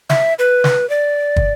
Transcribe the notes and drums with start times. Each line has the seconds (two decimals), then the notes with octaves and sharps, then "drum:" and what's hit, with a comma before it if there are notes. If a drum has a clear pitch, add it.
0.10 E5, drum: snare
0.39 B4
0.64 drum: snare
0.90 D5
1.36 drum: kick